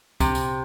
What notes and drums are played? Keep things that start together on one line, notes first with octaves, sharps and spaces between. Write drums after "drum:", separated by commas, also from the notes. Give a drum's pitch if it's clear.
C3, drum: kick C#2, tambourine
drum: tambourine